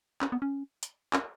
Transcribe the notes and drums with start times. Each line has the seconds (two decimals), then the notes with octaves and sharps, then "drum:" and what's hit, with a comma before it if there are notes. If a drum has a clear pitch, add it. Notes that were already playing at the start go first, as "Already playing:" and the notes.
0.21 C#4, drum: clap
0.32 B3
0.42 C#4
0.83 drum: hi-hat
1.13 C#4, drum: clap